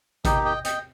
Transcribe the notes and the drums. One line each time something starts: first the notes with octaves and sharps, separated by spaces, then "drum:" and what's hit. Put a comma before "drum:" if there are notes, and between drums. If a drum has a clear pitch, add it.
A#3 D#4 G4 D#5 G5, drum: kick A1, hi-hat
D#5 G5
D#5 G5, drum: hi-hat